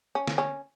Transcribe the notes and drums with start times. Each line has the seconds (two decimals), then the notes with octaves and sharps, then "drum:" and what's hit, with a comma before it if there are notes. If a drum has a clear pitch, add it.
0.15 C#4
0.27 drum: snare
0.38 C#4